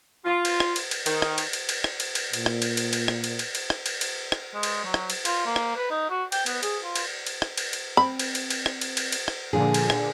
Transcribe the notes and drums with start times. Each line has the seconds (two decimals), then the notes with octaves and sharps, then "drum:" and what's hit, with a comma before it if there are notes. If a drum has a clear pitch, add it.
0.25 F4
0.45 drum: cymbal
0.60 drum: rim click
0.76 drum: cymbal
0.91 drum: cymbal
1.06 D#3, drum: cymbal
1.22 drum: rim click
1.38 drum: cymbal
1.53 drum: cymbal
1.69 drum: cymbal
1.84 drum: rim click
2.00 drum: cymbal
2.15 drum: cymbal
2.33 A#2, drum: cymbal
2.46 drum: rim click
2.62 drum: cymbal
2.77 drum: cymbal
2.93 drum: cymbal
3.08 drum: rim click
3.24 drum: cymbal
3.39 drum: cymbal
3.55 drum: cymbal
3.70 drum: rim click
3.86 drum: cymbal
4.01 drum: cymbal
4.32 drum: rim click
4.54 G#3
4.63 drum: cymbal
4.84 F#3
4.94 drum: rim click
5.10 drum: cymbal
5.25 F4, drum: cymbal
5.46 A#3
5.56 drum: rim click
5.76 B4
5.91 D#4
6.10 F#4
6.32 G5, drum: cymbal
6.46 B3, drum: cymbal
6.63 G#4, drum: cymbal
6.84 F4
6.96 drum: cymbal
7.27 drum: cymbal
7.42 drum: rim click
7.57 drum: cymbal
7.73 drum: cymbal
7.97 C4 B5
8.19 drum: cymbal
8.35 drum: cymbal
8.50 drum: cymbal
8.66 drum: rim click
8.81 drum: cymbal
8.97 drum: cymbal
9.12 drum: cymbal
9.28 drum: rim click
9.53 A#2 D3 F3 D4 F4 G#4
9.74 drum: cymbal
9.90 drum: rim click